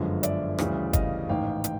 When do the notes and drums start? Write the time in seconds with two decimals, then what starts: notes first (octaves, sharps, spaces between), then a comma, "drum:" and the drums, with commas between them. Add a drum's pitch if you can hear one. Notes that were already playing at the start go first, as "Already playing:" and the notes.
Already playing: G1 F#2 D3 F3 G#3 F5
0.23 D5 E5, drum: hi-hat
0.59 D2 C#3 E3 G3, drum: rim click
0.93 D#5 F5, drum: kick, hi-hat
1.29 A1 G#2 D#3 F5 G5
1.64 G5, drum: hi-hat